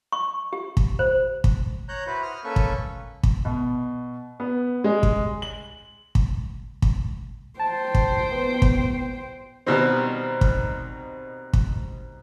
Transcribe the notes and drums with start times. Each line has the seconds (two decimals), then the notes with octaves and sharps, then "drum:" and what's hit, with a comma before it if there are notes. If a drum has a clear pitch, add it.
0.12 C#6
0.53 G4
0.77 drum: kick
0.99 C5
1.44 drum: kick
1.89 C#5 A#5 F#6 G6
2.07 E4 F#4 B4 C5
2.22 D#6 F6
2.44 A#3 C#4 A4 B4 C#6
2.56 drum: kick
3.23 drum: kick
3.45 B2
4.40 B3
4.84 G#3
5.03 drum: kick
5.42 F#7
6.15 drum: kick
6.82 drum: kick
7.60 C5 G5 A5
7.95 drum: kick
8.32 B3
8.62 drum: kick
9.67 B2 D#3 G3 C4
10.41 drum: kick
11.53 drum: kick